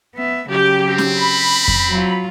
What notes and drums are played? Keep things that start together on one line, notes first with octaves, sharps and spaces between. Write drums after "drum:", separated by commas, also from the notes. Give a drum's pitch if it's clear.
B3 E5
C#3 F#3 G4
C4
drum: snare C#4
B5
drum: kick F2
F#3 F4